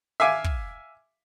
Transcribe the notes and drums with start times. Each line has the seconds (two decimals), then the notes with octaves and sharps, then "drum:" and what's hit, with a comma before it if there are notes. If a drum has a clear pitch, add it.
0.20 E5 F5 G#5 D6
0.44 drum: kick